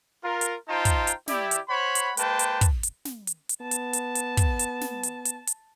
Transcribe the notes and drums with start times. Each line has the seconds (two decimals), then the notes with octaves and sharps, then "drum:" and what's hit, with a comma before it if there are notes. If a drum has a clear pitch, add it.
0.23 F4 A#4
0.41 drum: hi-hat
0.68 D#4 F4 C5 G5 A5 A#5
0.85 drum: kick, hi-hat
1.07 drum: hi-hat
1.28 E4 G4 D5, drum: snare
1.51 drum: hi-hat
1.69 C5 C#5 F#5 B5
1.95 drum: hi-hat
2.17 G#3 A#3 B4 C5 G5 A5, drum: hi-hat
2.39 drum: hi-hat
2.61 drum: kick, hi-hat
2.83 drum: hi-hat
3.05 drum: snare
3.27 drum: hi-hat
3.49 drum: hi-hat
3.61 B3 A5
3.71 drum: hi-hat
3.93 drum: hi-hat
4.15 drum: hi-hat
4.37 drum: kick, hi-hat
4.59 drum: hi-hat
4.81 drum: snare
5.03 drum: hi-hat
5.25 drum: hi-hat
5.47 drum: hi-hat